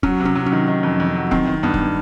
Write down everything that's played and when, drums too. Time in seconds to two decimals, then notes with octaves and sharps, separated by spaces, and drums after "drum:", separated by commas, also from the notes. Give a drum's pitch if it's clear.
0.03 F#3 C#4, drum: kick
0.20 C3
0.25 C#4
0.35 F#3
0.46 C#4
0.52 D#3
0.68 D#3
0.83 F2
1.00 F2
1.16 F#3
1.31 D#3 C4, drum: kick
1.47 D#3
1.63 G2 B3
1.74 drum: kick